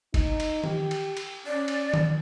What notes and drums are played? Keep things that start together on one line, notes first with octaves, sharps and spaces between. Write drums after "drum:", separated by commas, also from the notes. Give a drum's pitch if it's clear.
D#4, drum: kick F#1, cymbal
drum: cymbal
G4, drum: tom D#3
drum: cymbal
drum: cymbal
C#4 D5
drum: cymbal
drum: tom D#3